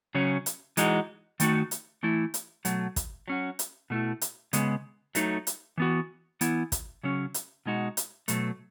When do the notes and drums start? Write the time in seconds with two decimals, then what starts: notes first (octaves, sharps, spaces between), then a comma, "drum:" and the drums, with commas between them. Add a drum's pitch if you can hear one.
0.15 C#3 F#3 C#4
0.46 drum: hi-hat
0.77 E3 G#3 D#4 F#4, drum: hi-hat
1.40 D#3 A3 D#4 F#4, drum: hi-hat
1.71 drum: hi-hat
2.03 E3 A3 E4
2.34 drum: hi-hat
2.65 B2 F#3 A3, drum: hi-hat
2.96 drum: kick, hi-hat
3.28 F#3 C#4 F#4
3.59 drum: hi-hat
3.90 B2 A3 E4
4.21 drum: hi-hat
4.53 C#3 G#3 B3, drum: hi-hat
5.15 F#3 A3 D#4, drum: hi-hat
5.47 drum: hi-hat
5.78 E3 B3 F#4
6.41 E3 B3 E4, drum: hi-hat
6.72 drum: kick, hi-hat
7.03 C#3 F#3 C#4
7.34 drum: hi-hat
7.66 B2 G#3 D#4 F#4
7.97 drum: hi-hat
8.28 B2 F#3 A3, drum: hi-hat